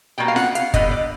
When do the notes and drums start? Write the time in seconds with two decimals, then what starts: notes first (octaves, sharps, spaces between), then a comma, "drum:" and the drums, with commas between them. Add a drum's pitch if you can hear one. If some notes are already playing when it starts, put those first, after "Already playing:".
0.18 B2 G3 A#3 G5
0.28 F5
0.36 F#5, drum: snare F4
0.55 F5, drum: hi-hat
0.74 D3 G3 B3 D#5, drum: kick, hi-hat
0.91 D5